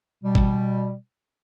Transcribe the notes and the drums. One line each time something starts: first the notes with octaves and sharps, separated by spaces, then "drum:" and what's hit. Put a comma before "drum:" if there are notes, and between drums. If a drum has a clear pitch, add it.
B2 G3
drum: kick G#1